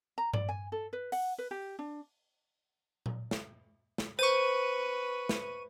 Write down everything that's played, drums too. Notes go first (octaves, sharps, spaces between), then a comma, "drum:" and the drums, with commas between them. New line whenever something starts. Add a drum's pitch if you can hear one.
A#5
D5, drum: tom G2
G#5
A4
B4
F#5, drum: open hi-hat
B4
G4
D4
drum: tom A#2
drum: snare
drum: snare
B4 C5 C#6 D#7
drum: snare